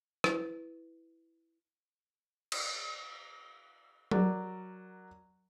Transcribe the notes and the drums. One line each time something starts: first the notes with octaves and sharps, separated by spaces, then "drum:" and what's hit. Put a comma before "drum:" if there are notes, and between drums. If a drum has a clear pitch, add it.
E4 B4, drum: rim click
drum: cymbal
F#3 A#4 D5, drum: tom F#3